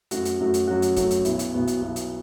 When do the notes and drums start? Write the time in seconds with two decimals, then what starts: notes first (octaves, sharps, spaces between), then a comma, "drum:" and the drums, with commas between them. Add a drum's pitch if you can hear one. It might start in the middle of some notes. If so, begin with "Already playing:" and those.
0.11 F#2 F#3 A3 F#4, drum: hi-hat
0.25 drum: hi-hat
0.40 F#2 F#3 A3 F#4
0.54 drum: hi-hat
0.67 F#2 F#3 A3 F#4
0.82 drum: hi-hat
0.97 F#2 F#3 A3 F#4, drum: kick, hi-hat
1.11 drum: hi-hat
1.25 B1 B2 B3 E4, drum: hi-hat
1.39 drum: hi-hat
1.54 B1 B2 B3 E4
1.68 drum: hi-hat
1.81 B1 B2 B3 E4
1.96 drum: hi-hat